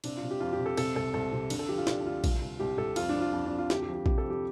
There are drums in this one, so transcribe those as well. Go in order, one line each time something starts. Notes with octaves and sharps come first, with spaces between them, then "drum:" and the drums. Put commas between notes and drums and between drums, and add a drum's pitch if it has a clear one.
C3 D4, drum: cymbal
F4
C3
G4
F2 F4
G4
C3
A4
C3 A4, drum: cymbal
C2 A4
C2 A4
C3
D3, drum: cymbal
A4
F3 G4
F4
D3 D4, drum: snare
D4
D2 F4
C2, drum: kick A#1, cymbal
C2
C2 G4
C2 A4
F2 F4, drum: cymbal
D4
F2
F4
F2
D4
F2
F4
D2 G4, drum: snare
G4
F3
G4
C3 G4, drum: kick A#1
A4
F3
G4